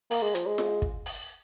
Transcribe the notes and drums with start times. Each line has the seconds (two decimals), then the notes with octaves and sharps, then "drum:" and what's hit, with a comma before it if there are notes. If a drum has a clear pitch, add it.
0.11 A#3, drum: open hi-hat
0.22 G#3
0.35 F3, drum: hi-hat
0.47 G#3
0.58 drum: snare F4
0.82 drum: kick
1.06 drum: open hi-hat